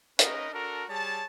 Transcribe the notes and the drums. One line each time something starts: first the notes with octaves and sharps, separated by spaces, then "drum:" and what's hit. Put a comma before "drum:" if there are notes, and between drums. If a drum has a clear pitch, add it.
C#4 D#4 A#4 B4 D#5, drum: hi-hat
D4 F#4 A4 A#4
G3 G#4 C#5 A5